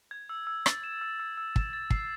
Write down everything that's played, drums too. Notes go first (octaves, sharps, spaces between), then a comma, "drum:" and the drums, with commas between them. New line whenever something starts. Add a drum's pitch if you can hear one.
G#6
E6
E6
A6, drum: rim click
E7
E6
E6
E6
E7, drum: kick
A6
C7, drum: kick